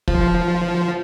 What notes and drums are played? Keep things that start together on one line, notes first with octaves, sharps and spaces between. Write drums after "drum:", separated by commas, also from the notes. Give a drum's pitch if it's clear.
F3, drum: kick